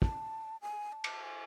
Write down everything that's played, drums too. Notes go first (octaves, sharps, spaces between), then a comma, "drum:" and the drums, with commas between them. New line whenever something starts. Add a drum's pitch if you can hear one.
A5, drum: kick
G#5
A5
drum: cymbal
G#5